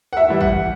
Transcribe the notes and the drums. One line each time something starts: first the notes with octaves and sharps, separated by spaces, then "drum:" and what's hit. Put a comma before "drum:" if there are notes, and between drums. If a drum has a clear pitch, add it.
F#5, drum: tom
E5
E3 G3
F#5, drum: kick